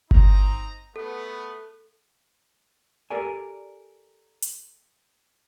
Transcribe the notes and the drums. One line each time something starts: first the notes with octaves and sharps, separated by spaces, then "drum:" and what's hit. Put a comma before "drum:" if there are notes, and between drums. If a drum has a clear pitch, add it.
C4 D#4 A#5, drum: kick G1
A3 B3 A4
G4 A4 A#4 D5 G#5
drum: hi-hat